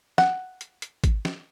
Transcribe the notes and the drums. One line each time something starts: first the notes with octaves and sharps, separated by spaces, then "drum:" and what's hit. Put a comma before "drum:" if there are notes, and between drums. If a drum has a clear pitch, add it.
F#5, drum: snare
drum: hi-hat
drum: hi-hat
drum: kick, hi-hat
drum: snare